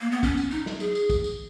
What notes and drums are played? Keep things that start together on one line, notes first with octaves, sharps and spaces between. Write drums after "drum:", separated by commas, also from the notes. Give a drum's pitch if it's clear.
A#3
B3
C#4, drum: kick, tambourine
drum: tambourine
D#4, drum: tambourine
drum: snare
G#4, drum: tambourine
drum: tambourine
drum: kick, tambourine
drum: tambourine